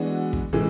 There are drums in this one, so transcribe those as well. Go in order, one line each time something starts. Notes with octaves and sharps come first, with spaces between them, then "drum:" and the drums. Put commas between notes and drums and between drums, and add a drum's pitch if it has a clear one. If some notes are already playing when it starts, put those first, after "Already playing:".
Already playing: E3 G#3 B3 D4 F#4
drum: kick
A2 E3 G#3 C#4